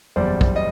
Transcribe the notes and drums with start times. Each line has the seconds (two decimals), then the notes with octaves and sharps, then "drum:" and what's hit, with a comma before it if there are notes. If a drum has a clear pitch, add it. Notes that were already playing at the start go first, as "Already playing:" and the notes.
0.16 F#1 E2 B2 G3 C5 D5
0.41 drum: kick B1
0.56 D#5